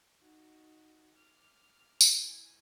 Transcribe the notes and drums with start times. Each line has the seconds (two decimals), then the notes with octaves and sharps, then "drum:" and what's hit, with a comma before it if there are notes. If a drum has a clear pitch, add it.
0.20 D#4 F#4
1.16 D6 F6
2.01 E4 G#5, drum: tambourine